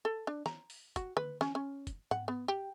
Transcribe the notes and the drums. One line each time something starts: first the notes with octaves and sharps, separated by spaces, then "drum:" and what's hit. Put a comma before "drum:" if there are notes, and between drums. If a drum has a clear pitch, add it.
A4
D4
A#5, drum: snare
drum: open hi-hat
F#4, drum: kick, hi-hat
B4, drum: tom D3
C#4, drum: snare
C#4
drum: kick, hi-hat
F#5, drum: tom G#2
B3
G4